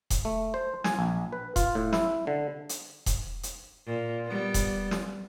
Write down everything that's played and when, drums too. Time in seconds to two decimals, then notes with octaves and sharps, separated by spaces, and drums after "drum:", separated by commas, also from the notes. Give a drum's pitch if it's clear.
0.10 drum: kick D#1, hi-hat
0.25 A3
0.54 C5
0.84 G#5, drum: snare
0.99 A#1
1.32 B4
1.56 F4, drum: kick D#1, hi-hat
1.75 A2
1.93 E4, drum: snare
2.27 D3
2.69 drum: hi-hat
3.06 drum: kick D#1, hi-hat
3.43 drum: hi-hat
3.86 A#2
4.26 G3 B3
4.54 drum: kick D#1, hi-hat
4.91 drum: snare